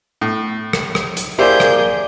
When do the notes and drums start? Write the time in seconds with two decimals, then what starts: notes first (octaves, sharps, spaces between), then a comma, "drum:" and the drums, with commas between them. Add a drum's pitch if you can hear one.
0.21 A2
0.73 drum: rim click
0.95 drum: rim click
1.17 drum: hi-hat
1.38 A#3 E4 G4 G#4 C5 D5 G6
1.60 drum: rim click